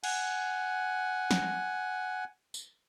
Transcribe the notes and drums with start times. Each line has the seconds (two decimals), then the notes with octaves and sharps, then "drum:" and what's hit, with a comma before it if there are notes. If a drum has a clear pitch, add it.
0.04 F#5 G#5, drum: cymbal
1.31 drum: snare
2.54 drum: tambourine